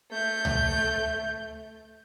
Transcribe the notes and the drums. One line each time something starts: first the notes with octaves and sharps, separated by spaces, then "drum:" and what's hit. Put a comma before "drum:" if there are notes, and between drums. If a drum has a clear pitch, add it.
A3 G6
drum: tom C#2